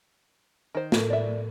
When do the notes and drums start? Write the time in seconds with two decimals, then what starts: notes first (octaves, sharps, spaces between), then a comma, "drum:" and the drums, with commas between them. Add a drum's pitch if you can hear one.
0.75 D#3 C5
0.92 A2 A4 A#4, drum: snare
1.10 D5 E5